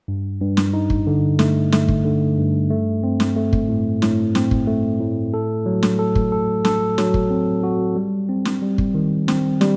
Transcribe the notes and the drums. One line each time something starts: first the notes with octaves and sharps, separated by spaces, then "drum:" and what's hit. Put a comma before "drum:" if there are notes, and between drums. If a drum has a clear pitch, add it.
G2
G2
drum: snare
D#4
drum: kick
D3
A3, drum: snare
A3, drum: snare
drum: kick
D3
G2
A3
C4
drum: snare
A3
drum: kick
A2
A2, drum: snare
C4, drum: snare
drum: kick
A3
A2
A4
F#3
drum: snare
A4
drum: kick
A4
A4, drum: snare
F#3, drum: snare
drum: kick
C4
F#4
G3
C4
drum: snare
G3
drum: kick
D#3
C4, drum: snare
G3, drum: snare